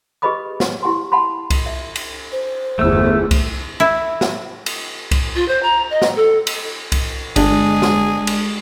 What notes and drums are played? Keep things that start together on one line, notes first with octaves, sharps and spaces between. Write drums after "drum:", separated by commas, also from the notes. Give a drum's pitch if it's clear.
G4 G#4 B4 D#5 B5 D#6
drum: snare
E4 G4 F#5 G#5 C6
F#5 A5 B5 C6
drum: kick C2, cymbal
E5
drum: cymbal
C5
G1 E2 A3 E6
drum: kick C2, cymbal
E4
drum: snare
drum: cymbal
drum: kick C2, cymbal
F4
C5
A#5
D#5
drum: snare
A4
drum: cymbal
drum: kick C2, cymbal
G1 G#3 D4 G#4, drum: cymbal
drum: snare
drum: cymbal